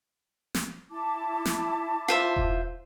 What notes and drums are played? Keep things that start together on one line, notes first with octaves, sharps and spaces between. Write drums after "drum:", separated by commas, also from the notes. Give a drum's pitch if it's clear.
drum: snare
E4 A5 D6
drum: snare
F4 C5 E5
drum: kick E1